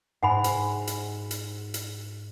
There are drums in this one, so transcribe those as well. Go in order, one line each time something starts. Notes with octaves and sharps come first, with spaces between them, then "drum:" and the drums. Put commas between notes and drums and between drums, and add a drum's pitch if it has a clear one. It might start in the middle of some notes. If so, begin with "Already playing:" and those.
G#2 F#5 G#5 B5
drum: hi-hat
drum: hi-hat
drum: hi-hat
drum: hi-hat